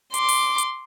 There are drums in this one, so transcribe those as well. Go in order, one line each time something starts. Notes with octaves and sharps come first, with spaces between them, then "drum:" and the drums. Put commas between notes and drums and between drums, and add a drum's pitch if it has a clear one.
C6 D6, drum: hi-hat
drum: open hi-hat
drum: hi-hat